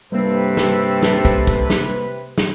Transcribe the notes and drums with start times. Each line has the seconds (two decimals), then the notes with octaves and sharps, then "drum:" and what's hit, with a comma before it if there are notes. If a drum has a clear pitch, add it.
0.12 G2 C3 G3 A#3 C4 A4 B4
0.57 drum: snare
1.02 drum: snare
1.25 drum: kick
1.47 drum: kick
1.70 drum: snare
2.38 drum: snare